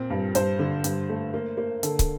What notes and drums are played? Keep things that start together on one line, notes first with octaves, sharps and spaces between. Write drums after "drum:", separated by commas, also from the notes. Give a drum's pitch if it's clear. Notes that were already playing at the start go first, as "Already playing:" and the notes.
Already playing: A#2 C4
G2
G2 C5, drum: hi-hat
D3
G2, drum: hi-hat
A3
A#3
A#3
D3 A4, drum: hi-hat
drum: kick, hi-hat